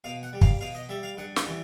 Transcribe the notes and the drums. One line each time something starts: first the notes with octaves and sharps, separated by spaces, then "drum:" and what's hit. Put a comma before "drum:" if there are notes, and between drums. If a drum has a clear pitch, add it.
B2 F5
F#5
G3
F5, drum: kick
B2 F5
D#5
G3 E5
F5
G2 F#5
F#5, drum: snare
E3 G3